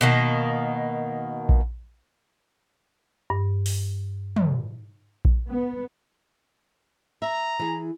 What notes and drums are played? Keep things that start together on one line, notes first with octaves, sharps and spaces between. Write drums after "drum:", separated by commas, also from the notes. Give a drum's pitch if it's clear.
B2 D#3 A#3
drum: kick A#1
G2
drum: open hi-hat
drum: tom
drum: kick A#1
B3
E5 A#5
E3 G#4